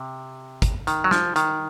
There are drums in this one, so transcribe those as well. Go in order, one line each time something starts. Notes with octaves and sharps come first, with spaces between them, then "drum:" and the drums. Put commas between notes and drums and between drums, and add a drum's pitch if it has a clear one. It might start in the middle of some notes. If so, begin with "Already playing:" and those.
Already playing: C3
drum: kick, hi-hat
D#3, drum: hi-hat
F#3
F3, drum: snare
D#3, drum: hi-hat